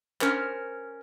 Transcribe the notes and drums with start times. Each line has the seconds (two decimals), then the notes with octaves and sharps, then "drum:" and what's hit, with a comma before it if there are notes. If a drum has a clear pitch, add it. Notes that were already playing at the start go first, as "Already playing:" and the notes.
0.21 C#4 A#4 C5, drum: clap